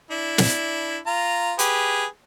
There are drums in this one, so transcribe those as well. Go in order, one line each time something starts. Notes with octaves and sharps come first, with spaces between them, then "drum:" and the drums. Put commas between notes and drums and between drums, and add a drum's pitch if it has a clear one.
D4 E4
drum: snare
F4 A#5
G4 G#4 B4, drum: hi-hat